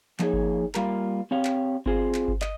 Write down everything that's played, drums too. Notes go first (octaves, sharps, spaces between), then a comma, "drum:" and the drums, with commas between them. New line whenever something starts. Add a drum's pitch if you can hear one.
F3 A#3 D#4 G#4 C#5, drum: clap
drum: kick G1
G3 A#3 F4 A#4, drum: clap
C4 G4 C#5 F5
drum: clap
C4 F4 G#4 C5, drum: kick G1
drum: clap
drum: kick G1
D#5, drum: clap